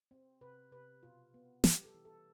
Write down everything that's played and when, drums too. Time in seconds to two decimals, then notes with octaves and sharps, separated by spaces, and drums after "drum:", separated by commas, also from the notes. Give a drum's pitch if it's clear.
0.11 C4
0.41 C3 B4
0.72 C3 B4
1.03 B2 F4
1.34 B3
1.64 G3 G4, drum: snare
1.85 A4
1.95 E3
2.05 A4